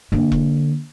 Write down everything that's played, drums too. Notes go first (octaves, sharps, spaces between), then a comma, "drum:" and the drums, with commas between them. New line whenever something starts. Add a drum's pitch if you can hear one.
D3 A#3
drum: kick E1